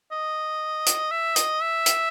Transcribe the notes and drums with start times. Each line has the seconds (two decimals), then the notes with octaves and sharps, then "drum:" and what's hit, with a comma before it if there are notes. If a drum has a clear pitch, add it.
0.12 D#5
0.86 drum: hi-hat
1.11 E5
1.36 D#5, drum: hi-hat
1.61 E5
1.86 drum: hi-hat